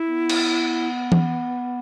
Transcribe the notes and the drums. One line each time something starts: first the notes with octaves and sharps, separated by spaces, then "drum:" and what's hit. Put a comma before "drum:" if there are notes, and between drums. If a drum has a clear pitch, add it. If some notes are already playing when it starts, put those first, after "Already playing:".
Already playing: E4
B3
drum: cymbal
drum: tom E3